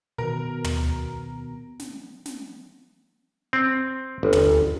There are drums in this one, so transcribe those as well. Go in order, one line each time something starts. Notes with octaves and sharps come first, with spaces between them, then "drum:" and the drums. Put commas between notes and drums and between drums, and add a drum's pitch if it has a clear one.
B2 D#3 A#4
drum: tom
drum: snare
drum: snare
C4
G1
drum: tom